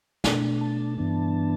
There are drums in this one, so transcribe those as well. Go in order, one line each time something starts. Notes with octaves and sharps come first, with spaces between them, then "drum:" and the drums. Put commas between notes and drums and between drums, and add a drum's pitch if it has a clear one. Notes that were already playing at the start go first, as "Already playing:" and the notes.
B2 A3 D4, drum: snare
A5
G2 E3 B3 D4